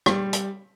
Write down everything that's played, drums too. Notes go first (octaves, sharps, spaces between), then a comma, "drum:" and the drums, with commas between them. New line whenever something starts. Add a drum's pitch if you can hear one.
G3, drum: rim click
drum: hi-hat